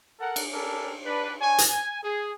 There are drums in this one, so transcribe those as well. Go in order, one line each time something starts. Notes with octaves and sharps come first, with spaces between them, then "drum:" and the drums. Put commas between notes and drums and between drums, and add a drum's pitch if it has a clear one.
A4 A#4 F#5
drum: cymbal
C#4 D4 G4 A4 A#4
D4 B4
D4 C#5 G#5
drum: hi-hat
G#5
G#4